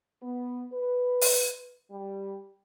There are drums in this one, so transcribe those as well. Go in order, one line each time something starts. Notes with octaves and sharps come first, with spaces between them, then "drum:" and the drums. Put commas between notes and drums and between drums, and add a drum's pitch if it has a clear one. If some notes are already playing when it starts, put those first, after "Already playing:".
B3
B4
drum: open hi-hat
G3